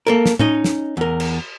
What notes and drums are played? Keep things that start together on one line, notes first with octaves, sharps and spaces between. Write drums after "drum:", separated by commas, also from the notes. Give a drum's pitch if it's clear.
A#3 A4 A#4
drum: snare
C#4 D#4 D#5, drum: tom A2
drum: snare
E2 A#4
drum: cymbal